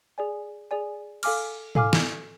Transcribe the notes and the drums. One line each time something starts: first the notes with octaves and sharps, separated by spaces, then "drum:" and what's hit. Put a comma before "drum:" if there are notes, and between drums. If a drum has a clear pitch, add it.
G#4 D5 G#5
G#4 D5 G#5
A4 F5 G#5 D6 F6, drum: cymbal
A4 F5 G#5 D6 F6, drum: tom G#2
drum: snare